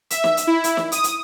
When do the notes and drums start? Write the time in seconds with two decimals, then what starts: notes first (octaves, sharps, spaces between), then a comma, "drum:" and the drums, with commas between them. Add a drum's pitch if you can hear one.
0.10 E5, drum: hi-hat
0.24 drum: snare
0.37 drum: hi-hat
0.47 E4
0.64 drum: hi-hat
0.77 drum: snare
0.92 D#6, drum: hi-hat
1.04 drum: hi-hat